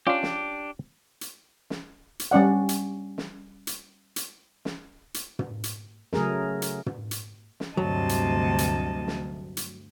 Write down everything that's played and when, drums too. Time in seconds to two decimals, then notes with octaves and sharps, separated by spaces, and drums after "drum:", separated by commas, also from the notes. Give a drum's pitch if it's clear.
0.07 C#4 D4 F4 G4 D5
0.23 drum: snare
1.21 drum: hi-hat
1.70 drum: snare
2.19 drum: hi-hat
2.31 G3 C#4 D5 F#5
2.69 drum: hi-hat
3.18 drum: snare
3.67 drum: hi-hat
4.16 drum: hi-hat
4.65 drum: snare
5.14 drum: hi-hat
5.39 drum: tom
5.64 drum: hi-hat
6.13 C#3 F#3 A3 G#4 A#4, drum: snare
6.62 drum: hi-hat
6.86 drum: tom
7.11 drum: hi-hat
7.60 drum: snare
7.77 D2 G2 C3 F#3 D#5 A5
8.09 drum: hi-hat
8.58 drum: hi-hat
9.08 drum: snare
9.57 drum: hi-hat